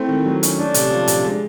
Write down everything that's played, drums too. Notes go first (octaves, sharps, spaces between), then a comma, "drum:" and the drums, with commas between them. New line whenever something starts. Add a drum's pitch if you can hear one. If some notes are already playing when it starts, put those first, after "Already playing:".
Already playing: A3 C4 E4
D#3
F#3
C#4, drum: hi-hat
A3 D4
C3, drum: hi-hat
F3
C3, drum: hi-hat
G#3